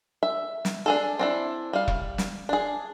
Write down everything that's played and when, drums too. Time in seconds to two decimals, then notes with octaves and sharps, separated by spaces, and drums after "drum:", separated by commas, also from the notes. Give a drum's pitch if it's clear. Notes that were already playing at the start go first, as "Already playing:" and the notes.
0.23 E5
0.65 drum: snare
0.86 D4 G#4 A4
1.19 C4 D4 E4
1.73 G3 F5
1.88 drum: kick E1
2.18 drum: snare
2.49 D4 G#4